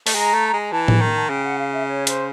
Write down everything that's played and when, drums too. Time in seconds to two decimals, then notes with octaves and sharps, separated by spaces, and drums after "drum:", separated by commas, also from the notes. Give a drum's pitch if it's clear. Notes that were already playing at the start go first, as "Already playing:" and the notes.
0.06 A3, drum: open hi-hat
0.15 G#3 A#5
0.34 A3
0.53 G#3
0.61 A#5
0.72 E3 A5
0.88 drum: tom A2
1.01 D#3
1.30 C#3 G5
1.44 F#5
1.59 F5
1.73 E5
1.87 C#5
2.07 C5, drum: hi-hat